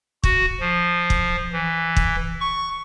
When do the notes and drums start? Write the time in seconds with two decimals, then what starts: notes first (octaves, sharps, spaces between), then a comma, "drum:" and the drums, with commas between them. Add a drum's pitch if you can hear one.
0.24 F#4, drum: kick
0.60 F3
1.10 drum: kick
1.53 E3
1.96 drum: kick
2.41 C#6